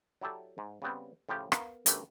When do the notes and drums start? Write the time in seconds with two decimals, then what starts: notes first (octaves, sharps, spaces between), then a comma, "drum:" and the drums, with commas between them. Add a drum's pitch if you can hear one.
0.21 F#3 E4 G4 A4 D5
0.58 G#2
0.82 C#3 G3 B3 C4
1.29 A2 C#3 F3 G4 G5
1.52 B3 A#4 F5, drum: rim click
1.86 G1 F#2 A3 G4 B4, drum: hi-hat